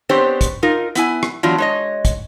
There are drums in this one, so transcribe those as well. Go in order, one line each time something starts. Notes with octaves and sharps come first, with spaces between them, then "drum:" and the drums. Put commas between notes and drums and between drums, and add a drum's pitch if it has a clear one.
B3 C4 D4 G4 C5 C#5
drum: kick, hi-hat
D#4 F4 A#4
B3 E4 G#5, drum: hi-hat
drum: rim click
E3 F#3 B3 D4 F4
G#3 C#5 D#5
drum: kick, hi-hat